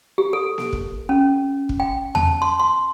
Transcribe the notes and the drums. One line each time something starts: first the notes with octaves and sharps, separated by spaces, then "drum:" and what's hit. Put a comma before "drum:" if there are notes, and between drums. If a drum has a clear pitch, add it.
G4
A4
drum: snare A#3
drum: kick
C#4
drum: kick
G5
A5, drum: tom E2
C6
C6